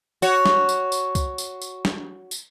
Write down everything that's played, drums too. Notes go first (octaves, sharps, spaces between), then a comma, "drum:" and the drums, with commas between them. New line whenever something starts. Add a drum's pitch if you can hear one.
F#4 C#5, drum: tambourine
drum: snare
drum: tambourine
drum: tambourine
drum: kick C2, tambourine
drum: tambourine
drum: tambourine
drum: snare
drum: tambourine